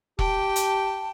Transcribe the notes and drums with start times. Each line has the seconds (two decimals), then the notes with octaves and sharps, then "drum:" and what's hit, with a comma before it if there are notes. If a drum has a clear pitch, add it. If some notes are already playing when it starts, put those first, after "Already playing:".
0.19 G4 G5 A5, drum: kick E1
0.56 drum: hi-hat